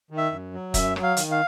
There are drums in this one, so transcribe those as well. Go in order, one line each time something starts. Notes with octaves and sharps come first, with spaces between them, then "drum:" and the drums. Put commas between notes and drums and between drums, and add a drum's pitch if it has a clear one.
D#3
E5
F#2
F#3
F#2 E5, drum: kick, hi-hat
F#3, drum: rim click
F5
D#3, drum: hi-hat
F5